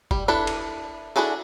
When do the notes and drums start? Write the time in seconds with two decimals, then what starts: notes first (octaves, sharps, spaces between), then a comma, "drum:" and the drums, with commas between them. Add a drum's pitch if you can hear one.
0.11 G3, drum: kick F#1
0.28 D4 E4 A4 B4
0.47 drum: cymbal
1.16 D4 E4 F#4 G#4 A4